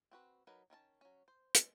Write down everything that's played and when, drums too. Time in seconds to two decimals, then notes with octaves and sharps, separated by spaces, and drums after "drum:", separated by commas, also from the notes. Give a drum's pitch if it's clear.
0.11 C4 F#4 B4
0.47 F#3 D#4 A#4 B4
0.70 D#3 C#4 E4 A5
1.01 F#3 C#4
1.28 C5
1.55 G#3, drum: hi-hat